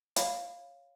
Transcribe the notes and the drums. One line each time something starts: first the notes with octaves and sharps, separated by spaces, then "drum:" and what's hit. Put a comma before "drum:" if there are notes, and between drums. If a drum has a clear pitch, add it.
C#5 F5 B5, drum: hi-hat